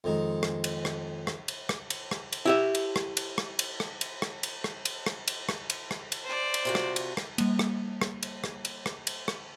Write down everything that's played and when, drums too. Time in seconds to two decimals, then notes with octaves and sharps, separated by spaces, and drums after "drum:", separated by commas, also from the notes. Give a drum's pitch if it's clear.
0.04 F2 D#3 G#3
0.43 drum: rim click
0.64 drum: cymbal
0.85 drum: rim click
1.27 drum: rim click
1.48 drum: cymbal
1.69 drum: rim click
1.90 drum: cymbal
2.11 drum: rim click
2.33 drum: cymbal
2.45 E4 G4 E5
2.75 drum: cymbal
2.96 drum: rim click
3.17 drum: cymbal
3.38 drum: rim click
3.59 drum: cymbal
3.80 drum: rim click
4.01 drum: cymbal
4.22 drum: rim click
4.43 drum: cymbal
4.64 drum: rim click
4.85 drum: cymbal
5.06 drum: rim click
5.28 drum: cymbal
5.49 drum: rim click
5.70 drum: cymbal
5.91 drum: rim click
6.12 drum: cymbal
6.25 C5 D5
6.54 drum: cymbal
6.65 C3 F4 F#4
6.75 drum: rim click
6.96 drum: cymbal
7.17 drum: rim click
7.38 G3 A#3, drum: cymbal
7.59 drum: rim click
8.01 drum: rim click
8.23 drum: cymbal
8.44 drum: rim click
8.65 drum: cymbal
8.86 drum: rim click
9.07 drum: cymbal
9.28 drum: rim click